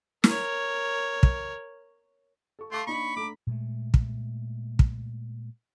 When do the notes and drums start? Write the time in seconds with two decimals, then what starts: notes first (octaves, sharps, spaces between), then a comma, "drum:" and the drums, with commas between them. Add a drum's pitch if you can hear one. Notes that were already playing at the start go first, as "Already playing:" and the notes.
0.24 A#4 C#5, drum: snare
1.23 drum: kick
2.59 A4 C#6
2.72 A3 F5 A5 C6 D6
2.87 A#3 D4 D#4 B5 C#6
3.17 A3 D4 A#5 D6
3.47 A#2 G#3 A3
3.94 drum: kick
4.79 drum: kick